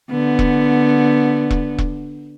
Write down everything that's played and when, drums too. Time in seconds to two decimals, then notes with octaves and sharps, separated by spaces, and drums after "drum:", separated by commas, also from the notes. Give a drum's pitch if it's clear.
0.11 D3 B3
0.39 drum: kick E1
1.51 drum: kick E1
1.78 drum: kick E1